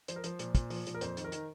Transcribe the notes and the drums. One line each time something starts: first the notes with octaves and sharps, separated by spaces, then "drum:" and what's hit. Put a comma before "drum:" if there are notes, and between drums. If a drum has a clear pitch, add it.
F3 C5, drum: hi-hat
A#4
F3 C5, drum: hi-hat
A#2, drum: hi-hat
A#2, drum: kick, hi-hat
F3, drum: open hi-hat
A#2, drum: hi-hat
A#4
F2 C5, drum: hi-hat
D#3, drum: hi-hat
A#4
D#3, drum: hi-hat